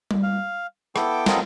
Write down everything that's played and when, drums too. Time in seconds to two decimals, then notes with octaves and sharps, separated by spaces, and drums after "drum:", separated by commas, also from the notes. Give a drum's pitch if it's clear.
0.11 drum: tom G3
0.23 F5
0.96 B3 E4 A4 G5 D6, drum: rim click
1.26 B3 C4 F4 A4 A#4 D#5, drum: snare